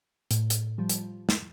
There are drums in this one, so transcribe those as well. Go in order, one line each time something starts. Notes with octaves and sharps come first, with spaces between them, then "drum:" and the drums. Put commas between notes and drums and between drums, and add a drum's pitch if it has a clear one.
A2, drum: hi-hat
drum: hi-hat
F3 G3
drum: hi-hat
drum: snare